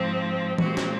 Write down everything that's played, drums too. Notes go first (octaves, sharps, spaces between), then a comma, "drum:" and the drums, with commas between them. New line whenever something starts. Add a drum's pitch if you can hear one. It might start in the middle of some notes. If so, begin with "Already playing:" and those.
Already playing: G#2 F3 C4
A#2 G#3 C4 F#4, drum: tom E3
drum: snare